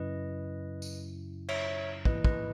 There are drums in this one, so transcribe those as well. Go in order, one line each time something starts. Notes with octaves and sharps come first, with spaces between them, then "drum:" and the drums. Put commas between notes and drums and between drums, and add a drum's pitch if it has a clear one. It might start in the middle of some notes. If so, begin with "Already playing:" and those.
Already playing: F#2 C#3 F#3 C#4 E4 B4 D#5
drum: tambourine
C#5 E5, drum: cymbal
G#2 E3 A#3 E4 B4 D#5, drum: kick
B4 D#5, drum: kick